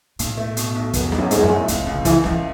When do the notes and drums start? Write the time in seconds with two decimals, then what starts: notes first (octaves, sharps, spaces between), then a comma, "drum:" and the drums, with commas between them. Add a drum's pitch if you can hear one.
0.19 B1 A2, drum: hi-hat
0.37 A3
0.57 B2, drum: hi-hat
0.75 B1
0.93 F#2 B3, drum: kick, hi-hat
1.06 E2
1.12 D#4, drum: snare
1.18 F#2
1.31 G#2 G#3, drum: hi-hat
1.37 E2
1.43 F#2
1.50 A2
1.68 C#2 F#2, drum: hi-hat
1.80 F#2
1.87 C#2
1.93 C#3
2.05 C#2 E3, drum: kick, hi-hat
2.24 C#2 E3, drum: snare